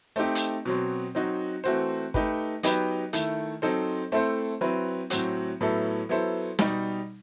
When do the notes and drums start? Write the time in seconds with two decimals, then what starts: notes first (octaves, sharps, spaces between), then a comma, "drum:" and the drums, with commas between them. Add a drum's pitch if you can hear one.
0.16 A3 C4 D#4 G4
0.35 drum: hi-hat
0.65 B2 F#3 C4
1.15 F#3 C4 D#4 F#4
1.64 E3 A3 C4 F#4 C5
2.14 A3 D#4 G4 B4, drum: kick
2.63 F#3 B3 D#4 G4 B4, drum: hi-hat
3.13 D#3 A3 E4, drum: hi-hat
3.62 F#3 C4 D#4 A4 C5
4.12 A3 C4 E4 A4 C5
4.61 F#3 C4 E4 B4
5.10 A2 F#3 C4 F#4, drum: hi-hat
5.61 A2 F#3 B3 E4 A4
6.09 F#3 B3 E4 A4 C5
6.59 B2 G3 D#4, drum: snare